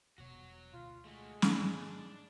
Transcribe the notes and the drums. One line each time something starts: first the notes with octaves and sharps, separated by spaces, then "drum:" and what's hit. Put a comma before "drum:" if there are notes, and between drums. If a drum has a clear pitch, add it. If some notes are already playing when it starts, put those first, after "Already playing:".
E1 B2 B3 F#4 C#5
D2 B2 F4
G#3 A3 F#4
G#2 D#3 D4 E4, drum: snare
D4 D5